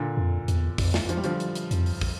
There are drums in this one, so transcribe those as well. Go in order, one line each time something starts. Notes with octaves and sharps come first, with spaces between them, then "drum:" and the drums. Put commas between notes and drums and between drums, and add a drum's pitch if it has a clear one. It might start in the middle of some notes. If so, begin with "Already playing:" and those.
Already playing: A#2 D3
F2
E2, drum: hi-hat
F2, drum: kick, open hi-hat
drum: snare
F3, drum: hi-hat
G3
D3 F3, drum: hi-hat
drum: hi-hat
drum: hi-hat
F2, drum: hi-hat
drum: open hi-hat
drum: kick, open hi-hat